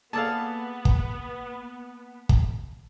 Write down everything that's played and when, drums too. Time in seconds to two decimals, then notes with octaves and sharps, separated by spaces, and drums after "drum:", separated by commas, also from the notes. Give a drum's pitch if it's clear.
0.13 A#3 B3 G#4 A4 D5 F5 A5
0.85 drum: kick
2.29 drum: kick